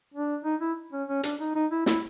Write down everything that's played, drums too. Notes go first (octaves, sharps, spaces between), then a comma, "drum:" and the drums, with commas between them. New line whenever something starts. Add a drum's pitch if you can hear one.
D4
D#4
E4
C#4
C#4
D4, drum: hi-hat
D#4
D#4
E4
E4, drum: snare